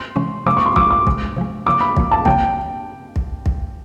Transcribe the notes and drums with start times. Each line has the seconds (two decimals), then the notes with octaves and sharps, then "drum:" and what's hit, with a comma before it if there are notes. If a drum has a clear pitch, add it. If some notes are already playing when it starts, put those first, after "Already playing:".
Already playing: C6
0.16 C3 E3 G#3 C#4
0.46 C3 F3 G#3 D6
0.57 C#6
0.66 C6
0.76 C3 F3 G#3 D6, drum: kick
0.91 D6
1.07 C3 F3 G#3, drum: kick
1.36 C3 F3 G#3
1.66 C#3 F3 A#3 D6
1.81 B5
1.97 C#3 F3 A#3, drum: kick
2.11 A5
2.25 C#3 F3 A#3 G5, drum: kick
3.16 drum: kick
3.46 drum: kick